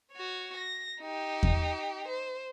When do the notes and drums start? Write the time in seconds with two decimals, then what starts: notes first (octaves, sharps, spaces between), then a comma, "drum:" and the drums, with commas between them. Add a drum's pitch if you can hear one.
0.12 F#4 C#5
0.57 A#6
1.01 D#4 G4
1.43 drum: kick E2
2.08 C5